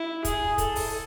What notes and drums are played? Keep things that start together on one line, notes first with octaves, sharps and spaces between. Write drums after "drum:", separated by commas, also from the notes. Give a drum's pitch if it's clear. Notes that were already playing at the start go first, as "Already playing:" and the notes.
Already playing: E4
G#4, drum: kick, hi-hat
A4, drum: kick, hi-hat
drum: open hi-hat